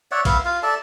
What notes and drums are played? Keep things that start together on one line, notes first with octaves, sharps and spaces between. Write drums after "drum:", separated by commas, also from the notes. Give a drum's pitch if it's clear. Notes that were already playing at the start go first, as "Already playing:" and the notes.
C#5 D5 E5 F#5
B3 E5 F5, drum: kick, cymbal
F4 F5
A4 D5 E5 A5